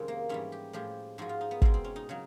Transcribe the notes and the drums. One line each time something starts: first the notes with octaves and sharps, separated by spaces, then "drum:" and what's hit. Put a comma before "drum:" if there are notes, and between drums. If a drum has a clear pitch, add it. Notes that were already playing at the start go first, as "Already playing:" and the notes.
Already playing: F2 C3 D#3 G#3 C#4
A#3
G#2 E3 G3 C#4
G4
A2 F3 G#3 G4
G#2 F3 G#3 F#4
F4
D#4
B3
B2 G#3 C4, drum: kick
C4
C#4
D#4
C#3 F#3